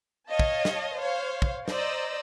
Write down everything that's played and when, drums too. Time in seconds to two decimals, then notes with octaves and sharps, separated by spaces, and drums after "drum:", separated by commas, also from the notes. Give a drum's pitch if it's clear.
0.28 C#5 D#5 F5 A5
0.39 drum: kick
0.65 drum: snare
0.99 C5 C#5 F5
1.42 drum: kick
1.68 C5 D5 D#5 A#5 E6, drum: snare